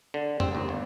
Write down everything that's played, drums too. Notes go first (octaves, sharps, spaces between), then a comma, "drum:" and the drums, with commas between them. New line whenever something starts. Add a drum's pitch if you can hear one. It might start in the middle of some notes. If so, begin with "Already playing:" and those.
D3
C4, drum: tom F2
D#2
G1